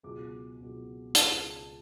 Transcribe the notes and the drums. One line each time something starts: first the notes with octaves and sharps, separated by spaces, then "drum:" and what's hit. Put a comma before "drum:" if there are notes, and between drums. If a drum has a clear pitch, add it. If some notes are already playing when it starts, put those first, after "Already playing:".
C#2 B2 F#3 D6
C#2 B2 F#3
C#2 C#3 G#3 A5, drum: hi-hat